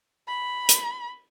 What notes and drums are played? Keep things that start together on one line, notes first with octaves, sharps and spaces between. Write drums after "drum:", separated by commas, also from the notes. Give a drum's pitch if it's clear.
B5
drum: hi-hat